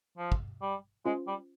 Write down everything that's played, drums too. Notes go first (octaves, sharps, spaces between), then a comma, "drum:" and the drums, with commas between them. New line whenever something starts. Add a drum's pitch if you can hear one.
F3
drum: kick
G3
G#3 C#4 F4 C5
G3